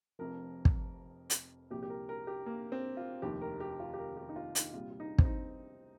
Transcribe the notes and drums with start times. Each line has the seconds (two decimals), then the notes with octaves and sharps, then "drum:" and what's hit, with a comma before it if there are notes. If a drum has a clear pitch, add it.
0.19 F1 F2 F3 A#4
0.65 drum: kick
1.30 drum: hi-hat
1.70 C2 A#2 F3 G4
1.83 G4
1.90 A#4
2.09 A#4
2.27 G4
2.46 A#3
2.72 C4
2.97 F4
3.22 F1 D#2 D#3 G4
3.41 A#4
3.60 G4
3.80 F4
3.94 G4
3.99 A#4
4.17 G4
4.29 D#4
4.36 F4
4.55 D#4, drum: hi-hat
4.73 C2 A#2 G3 F4
4.90 F4
5.00 D#4
5.18 C4, drum: kick
5.25 D#4